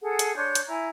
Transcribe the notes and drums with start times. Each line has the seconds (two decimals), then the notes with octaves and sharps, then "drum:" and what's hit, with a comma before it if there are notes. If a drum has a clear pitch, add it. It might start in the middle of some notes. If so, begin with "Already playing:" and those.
0.01 G#4 A4 F#5
0.19 drum: hi-hat
0.36 D4 C#5 C6 G6
0.55 drum: hi-hat
0.67 E4 G#5 A#5